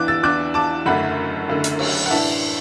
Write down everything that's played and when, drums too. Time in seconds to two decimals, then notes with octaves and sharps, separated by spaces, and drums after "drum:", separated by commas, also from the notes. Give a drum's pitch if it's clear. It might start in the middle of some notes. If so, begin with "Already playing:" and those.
Already playing: E2 E3 D4 D6 F#6
0.08 E6 A6
0.23 E2 E3 D4 D6 F#6
0.54 A5 D6
0.86 F#1 F#2 D3 A3 F#5 B5
1.48 F#1 F#2 D3 A3
1.64 drum: hi-hat
1.79 drum: cymbal
2.06 F#5
2.10 A2 E3 D4 E5 A5